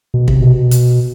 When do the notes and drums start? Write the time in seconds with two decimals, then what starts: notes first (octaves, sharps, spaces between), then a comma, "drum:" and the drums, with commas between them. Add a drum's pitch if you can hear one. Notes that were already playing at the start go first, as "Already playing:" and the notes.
0.14 B2
0.28 C3, drum: kick
0.41 B2
0.71 drum: hi-hat